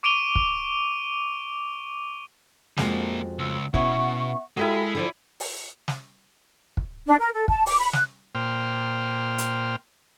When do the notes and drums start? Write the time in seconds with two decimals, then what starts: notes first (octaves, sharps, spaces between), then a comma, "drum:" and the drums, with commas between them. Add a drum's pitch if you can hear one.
0.03 C#6 D6 D7 D#7 F7 G7
0.35 drum: kick
2.77 F2 F3 G#3 A#3 F#4, drum: snare
3.39 C#2 E6
3.74 B2 B3 C#4 E4 E5 F#5 C#6, drum: kick
4.57 G#3 E4 F#4 G4 A4 A#4 B5 D#6
4.95 D3 D#3 F3 G#4 D5
5.40 drum: open hi-hat
5.88 drum: snare
6.77 drum: kick
7.07 D4
7.20 A#4
7.34 A4
7.48 A5, drum: kick
7.66 D6, drum: open hi-hat
7.79 B5
7.93 F#6, drum: snare
8.35 A#2 C5 G5 F6
9.38 drum: hi-hat